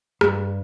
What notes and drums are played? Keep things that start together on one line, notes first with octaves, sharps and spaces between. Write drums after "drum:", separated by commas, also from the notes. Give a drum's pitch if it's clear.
G2, drum: rim click